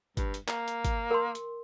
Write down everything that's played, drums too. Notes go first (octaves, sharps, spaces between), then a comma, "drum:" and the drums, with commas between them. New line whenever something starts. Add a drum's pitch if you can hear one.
G2, drum: kick, hi-hat
drum: hi-hat
A#3, drum: clap
drum: hi-hat
drum: kick, hi-hat
A#4 C6
drum: hi-hat